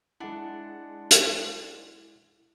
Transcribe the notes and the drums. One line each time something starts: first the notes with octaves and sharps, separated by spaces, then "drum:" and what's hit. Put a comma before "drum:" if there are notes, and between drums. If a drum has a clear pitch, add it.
G#3 D4 E4 F#5
drum: hi-hat